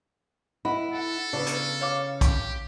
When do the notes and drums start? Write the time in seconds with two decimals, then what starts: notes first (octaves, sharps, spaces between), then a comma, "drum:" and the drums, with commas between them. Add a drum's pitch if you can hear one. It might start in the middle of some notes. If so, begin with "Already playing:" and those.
0.65 E4 D#5 F#5 B5
0.94 A4 F#5
1.33 C#3 B3 D4
1.47 drum: hi-hat
1.81 C#5 F5 D6
2.21 G4, drum: kick A#1, hi-hat